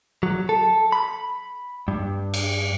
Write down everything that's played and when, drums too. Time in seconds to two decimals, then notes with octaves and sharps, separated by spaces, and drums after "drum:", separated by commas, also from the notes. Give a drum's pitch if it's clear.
0.23 F#3
0.49 A4
0.92 B5
1.88 G2
2.34 drum: cymbal